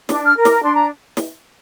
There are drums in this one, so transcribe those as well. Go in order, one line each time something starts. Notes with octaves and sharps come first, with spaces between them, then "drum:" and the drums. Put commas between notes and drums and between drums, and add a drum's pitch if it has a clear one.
D4 D6, drum: snare
F6
A#4
D6, drum: snare
D4 C6
A#5
drum: snare